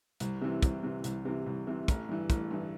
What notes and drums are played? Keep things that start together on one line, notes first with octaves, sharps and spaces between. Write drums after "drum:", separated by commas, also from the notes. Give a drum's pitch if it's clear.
C2, drum: hi-hat
C3 E3
C2, drum: kick, hi-hat
C3 E3
C2, drum: hi-hat
C3 E3
C2
C3 E3
A1, drum: kick, hi-hat
G2 E3
A1, drum: kick, hi-hat
G2 E3